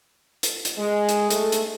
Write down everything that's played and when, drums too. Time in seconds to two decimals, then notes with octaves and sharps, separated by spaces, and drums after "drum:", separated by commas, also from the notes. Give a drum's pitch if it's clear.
0.43 drum: hi-hat
0.65 drum: hi-hat
0.78 G#3
1.09 drum: hi-hat
1.31 A3, drum: hi-hat
1.52 drum: hi-hat